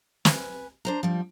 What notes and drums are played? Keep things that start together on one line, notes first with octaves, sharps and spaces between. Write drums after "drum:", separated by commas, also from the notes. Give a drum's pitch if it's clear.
B4 G#5, drum: snare
D4 C5 A#5
F3 G3